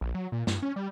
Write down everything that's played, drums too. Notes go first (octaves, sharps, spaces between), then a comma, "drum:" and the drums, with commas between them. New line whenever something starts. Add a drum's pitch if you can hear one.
A#1
F#3
A#2
G2, drum: snare
C#4
G3